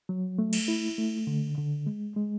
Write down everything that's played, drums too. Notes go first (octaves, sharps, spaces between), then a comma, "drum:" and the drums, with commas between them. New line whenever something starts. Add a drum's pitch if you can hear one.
F#3
A3
drum: cymbal
E4
A3
D3
D3
G#3
G#3